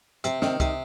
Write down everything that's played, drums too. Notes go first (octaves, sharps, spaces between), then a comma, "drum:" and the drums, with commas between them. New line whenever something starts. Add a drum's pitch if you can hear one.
C3 C4, drum: hi-hat
D#3 C4, drum: snare
C3 D#4, drum: kick C2, hi-hat